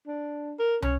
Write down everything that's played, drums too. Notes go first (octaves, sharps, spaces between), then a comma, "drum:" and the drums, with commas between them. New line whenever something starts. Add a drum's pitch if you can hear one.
D4
A#4
C#4, drum: tom